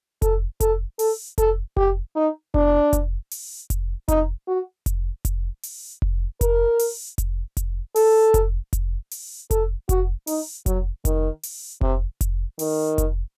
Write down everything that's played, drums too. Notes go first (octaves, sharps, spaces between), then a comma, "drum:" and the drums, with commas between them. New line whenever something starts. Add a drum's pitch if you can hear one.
A4, drum: kick F1, hi-hat
A4, drum: kick F1, hi-hat
A4, drum: open hi-hat
A4, drum: kick F1, hi-hat
G4, drum: kick F1
D#4
D4, drum: kick F1
drum: kick F1, hi-hat
drum: open hi-hat
drum: kick F1, hi-hat
D#4, drum: kick F1, hi-hat
F#4
drum: kick F1, hi-hat
drum: kick F1, hi-hat
drum: open hi-hat
drum: kick F1
A#4, drum: kick F1, hi-hat
drum: open hi-hat
drum: kick F1, hi-hat
drum: kick F1, hi-hat
A4, drum: open hi-hat
drum: kick F1, hi-hat
drum: kick F1, hi-hat
drum: open hi-hat
A4, drum: kick F1, hi-hat
F#4, drum: kick F1, hi-hat
D#4, drum: open hi-hat
F#3, drum: kick F1, hi-hat
D#3, drum: kick F1, hi-hat
drum: open hi-hat
C3, drum: kick F1
drum: kick F1, hi-hat
D#3, drum: open hi-hat
drum: kick F1, hi-hat